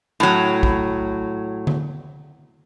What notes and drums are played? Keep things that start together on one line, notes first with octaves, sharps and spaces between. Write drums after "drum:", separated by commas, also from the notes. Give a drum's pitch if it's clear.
A2 F#3
drum: kick
drum: tom D3